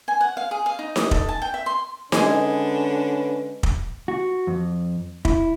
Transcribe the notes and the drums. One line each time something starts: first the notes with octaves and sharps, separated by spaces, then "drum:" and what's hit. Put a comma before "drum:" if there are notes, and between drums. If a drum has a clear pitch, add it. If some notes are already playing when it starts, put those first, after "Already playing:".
G#5
F#5
F5
G#4
F5
D#4
D#6, drum: snare D#4
A4, drum: kick
A5
G5
E5
C6
D3 G#3 C#4 G#4 B4, drum: snare D#4
drum: kick
F#4
F2
E4, drum: kick